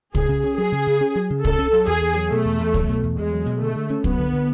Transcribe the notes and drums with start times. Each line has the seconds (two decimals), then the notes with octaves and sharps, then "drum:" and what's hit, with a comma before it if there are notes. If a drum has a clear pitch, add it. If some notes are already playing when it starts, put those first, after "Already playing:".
0.15 C#3 G#4, drum: kick
0.29 C#3
0.44 C#4
0.58 F#3 G#4
0.72 C#3
0.87 C#3
1.01 C#4
1.15 F#3
1.30 C#3
1.45 C#3 A4, drum: kick
1.59 C#4
1.73 F#3
1.87 E2 G#4
2.02 E2
2.16 F#3
2.31 B2 A3
2.45 E2
2.59 E2
2.74 F#3, drum: kick
2.89 B2
3.03 E2
3.17 E2 G#3
3.32 F#3
3.46 B2
3.61 D3 A3
3.75 D3
3.90 C#4
4.04 F#3 B3, drum: kick
4.19 D3
4.33 D3